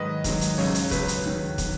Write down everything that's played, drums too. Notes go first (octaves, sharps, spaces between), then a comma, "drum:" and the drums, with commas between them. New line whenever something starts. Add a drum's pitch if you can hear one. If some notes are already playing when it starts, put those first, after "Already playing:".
Already playing: G#2 D#3 F#3 B4 D#5
G#2 D#3 F#3, drum: kick, hi-hat
drum: hi-hat
C#2 C#3 F#3 C#5, drum: open hi-hat
drum: hi-hat
C#2 C#3 F#3 B4, drum: kick, hi-hat
drum: hi-hat
D#2 D#3 F#3
D#3 F#3, drum: kick, hi-hat